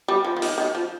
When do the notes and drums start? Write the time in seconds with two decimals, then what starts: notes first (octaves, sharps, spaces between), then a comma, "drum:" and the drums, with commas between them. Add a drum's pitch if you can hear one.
0.08 G3
0.25 F3
0.37 F3
0.42 D#3, drum: open hi-hat
0.58 D#3
0.75 F3